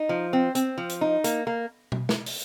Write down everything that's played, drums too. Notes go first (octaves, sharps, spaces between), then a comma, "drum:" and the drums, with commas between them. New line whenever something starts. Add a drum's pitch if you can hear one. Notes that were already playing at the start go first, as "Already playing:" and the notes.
Already playing: D#4
F3
C4
C4, drum: hi-hat
F3
drum: hi-hat
D#4
A#3, drum: hi-hat
A#3
drum: tom B2
drum: snare
drum: open hi-hat